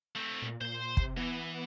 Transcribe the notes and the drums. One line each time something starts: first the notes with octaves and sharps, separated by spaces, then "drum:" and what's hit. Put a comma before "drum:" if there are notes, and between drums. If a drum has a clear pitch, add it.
A3 C4
A#2
A#2 C5 C6
C3, drum: kick
E3 B3